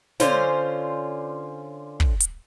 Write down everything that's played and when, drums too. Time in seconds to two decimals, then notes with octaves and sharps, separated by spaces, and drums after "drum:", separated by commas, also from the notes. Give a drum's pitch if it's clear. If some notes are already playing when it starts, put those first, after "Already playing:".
0.20 D3 C#4 F4 C5, drum: snare
2.00 drum: kick
2.20 drum: hi-hat